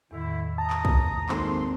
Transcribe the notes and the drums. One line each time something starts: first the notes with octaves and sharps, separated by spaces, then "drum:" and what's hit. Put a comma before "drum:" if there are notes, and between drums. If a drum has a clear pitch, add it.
E2 A2 D3 D#3 A3 E4
A5 A#5 D#6
drum: clap
drum: kick
G#1 A#3 D4 A4 C5 C6, drum: clap